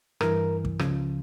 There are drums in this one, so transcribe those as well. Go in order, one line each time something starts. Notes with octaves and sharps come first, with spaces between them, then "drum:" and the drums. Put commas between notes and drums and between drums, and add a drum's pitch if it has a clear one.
G2 E3 A#4, drum: rim click
drum: kick
C#2 C#3 F3, drum: rim click